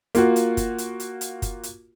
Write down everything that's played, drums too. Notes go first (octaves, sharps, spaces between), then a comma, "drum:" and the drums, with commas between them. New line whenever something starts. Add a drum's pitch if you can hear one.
A#3 F4 F#4, drum: hi-hat
drum: hi-hat
drum: kick F#1, hi-hat
drum: hi-hat
drum: hi-hat
drum: hi-hat
drum: kick F#1, hi-hat
drum: hi-hat